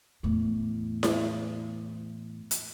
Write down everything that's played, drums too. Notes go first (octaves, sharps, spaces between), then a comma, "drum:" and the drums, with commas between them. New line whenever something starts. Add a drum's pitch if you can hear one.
E2 A2
drum: snare E4
drum: hi-hat